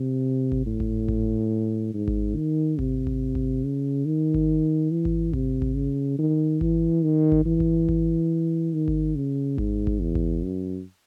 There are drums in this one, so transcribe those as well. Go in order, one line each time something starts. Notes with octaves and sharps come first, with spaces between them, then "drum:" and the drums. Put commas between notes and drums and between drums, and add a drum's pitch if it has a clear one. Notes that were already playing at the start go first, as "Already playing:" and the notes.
Already playing: C3
drum: kick G#1
A2
drum: kick G#1
drum: kick G#1
G#2
drum: kick G#1
D#3
C3, drum: kick G#1
drum: kick G#1
drum: kick G#1
C#3
D#3
drum: kick G#1
E3
drum: kick G#1
C3, drum: kick G#1
drum: kick G#1
C#3
D#3
E3, drum: kick G#1
D#3
drum: kick G#1
E3
drum: kick G#1
drum: kick G#1
D#3
drum: kick G#1
C#3
G#2, drum: kick G#1
drum: kick G#1
E2
drum: kick G#1
F#2